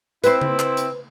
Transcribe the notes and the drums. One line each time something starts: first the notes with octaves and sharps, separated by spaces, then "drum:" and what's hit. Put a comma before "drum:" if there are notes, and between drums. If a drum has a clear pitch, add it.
C4 E4 B4 C5, drum: hi-hat
drum: tom C#3
drum: clap
drum: hi-hat